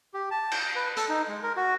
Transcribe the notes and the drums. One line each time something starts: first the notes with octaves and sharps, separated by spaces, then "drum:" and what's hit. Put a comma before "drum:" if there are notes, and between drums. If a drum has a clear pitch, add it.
G4
A5
G6, drum: cymbal
B4
A4, drum: hi-hat
D#4
G#3
A#4
F#4